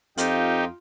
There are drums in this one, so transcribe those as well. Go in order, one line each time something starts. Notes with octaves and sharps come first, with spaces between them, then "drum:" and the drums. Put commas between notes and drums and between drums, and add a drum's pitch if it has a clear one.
F2 D#4 F4 G4, drum: hi-hat